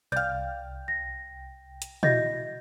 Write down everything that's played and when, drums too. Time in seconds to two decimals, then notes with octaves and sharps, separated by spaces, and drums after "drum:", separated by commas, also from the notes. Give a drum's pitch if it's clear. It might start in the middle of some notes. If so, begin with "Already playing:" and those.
0.12 C2 D5 F5 G5 G6
0.88 A#6
1.82 drum: hi-hat
2.03 E4 F#4 D#5 G6 A#6, drum: tom